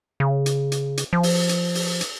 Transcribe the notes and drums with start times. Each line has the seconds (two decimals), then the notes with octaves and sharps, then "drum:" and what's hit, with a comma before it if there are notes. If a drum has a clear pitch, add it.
0.20 C#3
0.46 drum: hi-hat
0.72 drum: hi-hat
0.97 drum: hi-hat
1.13 F3
1.23 drum: open hi-hat
1.49 drum: hi-hat
1.75 drum: open hi-hat
2.01 drum: hi-hat